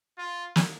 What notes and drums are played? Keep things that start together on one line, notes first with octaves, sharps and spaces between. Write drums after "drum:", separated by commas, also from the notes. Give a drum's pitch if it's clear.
F4
drum: snare